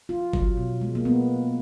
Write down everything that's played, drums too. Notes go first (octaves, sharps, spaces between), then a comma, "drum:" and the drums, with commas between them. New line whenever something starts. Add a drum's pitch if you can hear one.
F4
F#3, drum: kick G1
B2
G#3
A#3
B3